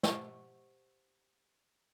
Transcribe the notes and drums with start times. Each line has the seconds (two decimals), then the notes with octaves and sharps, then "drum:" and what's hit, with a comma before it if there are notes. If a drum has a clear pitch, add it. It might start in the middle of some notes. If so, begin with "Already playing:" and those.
0.03 G4 C5 F#5 C#6, drum: snare